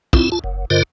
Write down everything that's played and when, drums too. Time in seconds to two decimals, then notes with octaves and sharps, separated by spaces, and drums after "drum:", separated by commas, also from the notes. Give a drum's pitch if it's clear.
0.13 C4 E4 F4, drum: kick
0.32 F4 A5
0.44 F#1
0.70 G2 D3 F4 A#4 C5 D#5